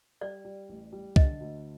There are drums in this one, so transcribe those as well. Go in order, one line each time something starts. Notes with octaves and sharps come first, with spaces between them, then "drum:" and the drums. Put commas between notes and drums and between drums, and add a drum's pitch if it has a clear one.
G3 D5
G3
A1
G3
D3 D#5, drum: kick C2
D2